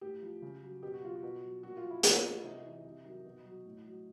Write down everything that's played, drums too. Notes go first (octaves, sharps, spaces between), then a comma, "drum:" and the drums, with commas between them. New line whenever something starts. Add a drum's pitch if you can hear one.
A2 G4
F3
C#3
F#3
B2 G4
F#4
F#3 F4
F#4
B2
F#3
A#2 F#4
F4
F3
E4
A2 F4, drum: hi-hat
F3
C3 D#4
E3
C3
D#3 F#3
B2
F#3
A2
F#3